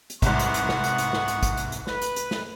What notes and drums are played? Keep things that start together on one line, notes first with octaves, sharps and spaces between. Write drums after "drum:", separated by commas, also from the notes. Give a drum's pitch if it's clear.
drum: hi-hat
C2 G#2 B3 F#5 C#6, drum: kick, hi-hat
drum: hi-hat
drum: hi-hat
drum: snare
drum: hi-hat
drum: hi-hat
drum: snare
drum: hi-hat
drum: kick, hi-hat
drum: hi-hat
drum: hi-hat
B4, drum: snare
drum: hi-hat
drum: hi-hat
drum: snare